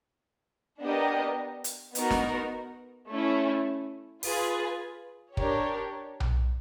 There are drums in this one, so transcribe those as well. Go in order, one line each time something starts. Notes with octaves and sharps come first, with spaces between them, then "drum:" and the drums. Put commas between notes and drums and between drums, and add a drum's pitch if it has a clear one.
B3 D4 G4 A#4 D#5
drum: hi-hat
B3 D#4 F#4 A#4, drum: hi-hat
drum: snare
A3 C#4 E4
F4 G#4 B4, drum: open hi-hat
D4 G4 A#4 C#5, drum: kick
drum: tom B1